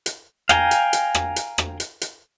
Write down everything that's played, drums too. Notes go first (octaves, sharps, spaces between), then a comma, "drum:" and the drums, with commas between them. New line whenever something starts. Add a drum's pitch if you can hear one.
drum: hi-hat
F5 G5 G#5 A#5, drum: rim click
drum: hi-hat
drum: hi-hat
drum: rim click
drum: hi-hat
drum: rim click
drum: hi-hat
drum: hi-hat